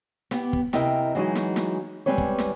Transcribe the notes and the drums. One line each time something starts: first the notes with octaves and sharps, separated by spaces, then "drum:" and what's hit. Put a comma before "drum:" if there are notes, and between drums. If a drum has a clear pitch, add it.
B3 G4, drum: snare
drum: kick
C3 E4 A#4 D#5 G5, drum: snare
E3 F#3 G#3 D#4 F#4
drum: snare
drum: snare
G3 G#3 C4 B4 C#5
drum: kick
drum: snare